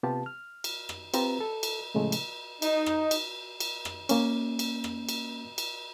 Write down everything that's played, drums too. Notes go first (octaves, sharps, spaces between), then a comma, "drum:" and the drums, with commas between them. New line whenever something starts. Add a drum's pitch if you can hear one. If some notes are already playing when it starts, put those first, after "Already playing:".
C3 B3 F4 G4 A5
F6
drum: cymbal
drum: rim click
C4 F4 G4 B4 A#5, drum: cymbal
A4
drum: cymbal
A2 C#3 F3 G#3 A3
drum: cymbal
D#4, drum: cymbal
drum: rim click
drum: cymbal
drum: cymbal
drum: rim click
A#3 C#4, drum: cymbal
drum: cymbal
drum: rim click
drum: cymbal
drum: cymbal